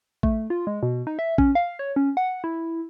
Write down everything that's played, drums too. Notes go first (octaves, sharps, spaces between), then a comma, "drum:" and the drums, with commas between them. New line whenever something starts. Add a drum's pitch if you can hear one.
A3, drum: kick A1
F4
G#3
B2
D#4
E5
C#4, drum: kick A1
F5
C#5
C#4
F#5
E4